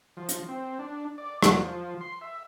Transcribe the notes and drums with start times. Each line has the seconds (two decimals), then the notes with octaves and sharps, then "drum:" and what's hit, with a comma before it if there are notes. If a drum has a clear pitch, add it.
0.17 F3
0.29 drum: hi-hat
0.48 C4
0.79 D4
1.18 D5
1.43 F#3, drum: rim click
1.59 F3
2.01 C6
2.21 E5